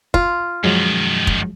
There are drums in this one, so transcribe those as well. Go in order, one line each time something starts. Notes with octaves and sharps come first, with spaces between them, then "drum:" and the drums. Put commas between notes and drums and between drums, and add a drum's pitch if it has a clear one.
F4, drum: kick
F#2 D#3 F3 F#3 G#3
drum: kick